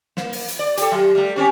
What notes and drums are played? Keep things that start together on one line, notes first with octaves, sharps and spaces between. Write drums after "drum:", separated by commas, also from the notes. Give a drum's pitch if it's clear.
A#3, drum: snare
drum: open hi-hat
drum: hi-hat
D5
G4 A4, drum: hi-hat
F#3
G3 A3
C4 C#4 G4